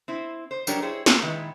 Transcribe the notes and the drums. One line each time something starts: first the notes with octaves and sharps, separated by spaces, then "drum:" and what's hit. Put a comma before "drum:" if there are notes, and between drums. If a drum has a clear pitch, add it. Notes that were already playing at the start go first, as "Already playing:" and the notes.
C4 E4
C5
F#3 G3 D4 G4 A#4 C#5, drum: tambourine
E4 G#4 C5 C#5
C#4 A#4, drum: snare
A#2 D#3 G#3 E4 B4